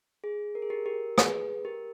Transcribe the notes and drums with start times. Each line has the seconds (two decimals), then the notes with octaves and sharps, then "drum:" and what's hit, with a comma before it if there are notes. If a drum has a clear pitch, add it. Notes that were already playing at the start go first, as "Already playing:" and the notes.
0.24 G#4
0.55 A#4
0.62 G#4
0.70 G4 A#4
0.86 G4 A#4
1.18 G#4 B4, drum: rim click
1.65 G4 A#4